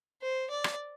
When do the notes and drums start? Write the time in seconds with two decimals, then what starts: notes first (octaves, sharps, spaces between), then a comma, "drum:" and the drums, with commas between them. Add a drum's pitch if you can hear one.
0.22 C5
0.50 D5
0.64 drum: rim click